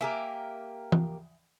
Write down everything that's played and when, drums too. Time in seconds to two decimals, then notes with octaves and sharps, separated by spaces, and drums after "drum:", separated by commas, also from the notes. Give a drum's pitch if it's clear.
0.01 A#3 G4 A#4 E5 G#5
0.92 drum: tom E3